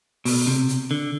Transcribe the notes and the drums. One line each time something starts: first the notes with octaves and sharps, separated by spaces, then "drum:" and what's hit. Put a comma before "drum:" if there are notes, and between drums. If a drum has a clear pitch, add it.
B2, drum: open hi-hat
C3
drum: hi-hat
D3